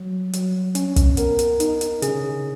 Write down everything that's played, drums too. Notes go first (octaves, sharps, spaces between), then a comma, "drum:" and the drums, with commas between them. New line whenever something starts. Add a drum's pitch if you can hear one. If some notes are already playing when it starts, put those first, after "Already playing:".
Already playing: F#3
F#3, drum: hi-hat
C#4, drum: hi-hat
drum: kick, hi-hat
B3 A#4, drum: hi-hat
drum: hi-hat
D#4, drum: hi-hat
drum: hi-hat
C#3 G#4, drum: hi-hat